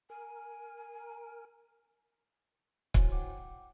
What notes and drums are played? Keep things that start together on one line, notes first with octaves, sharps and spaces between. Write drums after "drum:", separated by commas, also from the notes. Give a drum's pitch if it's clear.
A#4 G#5
E4 F#4 C5 C#5 G#5, drum: kick C#1
F#5 G5 D6